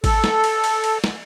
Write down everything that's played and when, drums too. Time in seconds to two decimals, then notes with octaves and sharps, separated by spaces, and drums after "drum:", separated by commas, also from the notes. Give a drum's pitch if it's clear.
0.04 A4, drum: kick G#1, cymbal
0.24 drum: snare
0.44 drum: cymbal
0.64 drum: cymbal
0.84 drum: cymbal
1.04 drum: snare